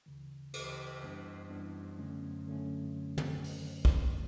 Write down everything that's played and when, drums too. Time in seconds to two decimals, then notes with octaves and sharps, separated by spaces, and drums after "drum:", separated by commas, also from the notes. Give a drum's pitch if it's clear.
0.06 D2 C#3 E3
0.54 D2 C#3 E3, drum: cymbal
1.02 F#2 E3 G3 B3 D4
1.50 F#2 E3 G3 B3 D4
1.98 F#2 D3 F#3 A3 C#4
2.46 F#2 D3 F#3 A3 C#4
3.18 drum: tom
3.44 drum: open hi-hat
3.85 drum: kick